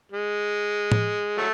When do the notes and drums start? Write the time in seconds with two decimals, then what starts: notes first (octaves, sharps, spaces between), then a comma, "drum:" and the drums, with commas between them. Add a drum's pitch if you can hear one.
0.12 G#3
0.92 drum: tom A2
1.38 F#3 A3